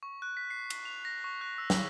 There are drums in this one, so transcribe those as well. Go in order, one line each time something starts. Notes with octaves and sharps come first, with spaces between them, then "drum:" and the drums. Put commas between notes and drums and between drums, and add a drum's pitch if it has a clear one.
C#6
F#6
B6
C7
C7, drum: cymbal
F7
A#6
C#6
F#6
E6
drum: snare